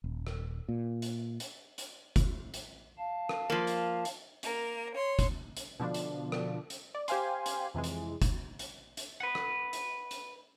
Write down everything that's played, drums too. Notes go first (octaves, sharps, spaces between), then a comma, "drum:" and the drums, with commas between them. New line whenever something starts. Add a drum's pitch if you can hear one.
D#1
drum: rim click
A#2
drum: hi-hat
drum: hi-hat
drum: hi-hat
drum: kick F1, hi-hat
drum: hi-hat
F5 A5
drum: rim click
F3 A#3
drum: hi-hat
drum: hi-hat
A#3 A#4, drum: hi-hat
C#5 C6
drum: kick F1, hi-hat
drum: hi-hat
B2 D3 F3 D4
drum: hi-hat
drum: rim click
drum: hi-hat
D5
G4 C5 F5 G#5 C6, drum: hi-hat
drum: hi-hat
F2 C3 E3 G#3
drum: hi-hat
drum: kick F1, hi-hat
drum: hi-hat
drum: hi-hat
B4 F#5
drum: rim click
drum: hi-hat
drum: hi-hat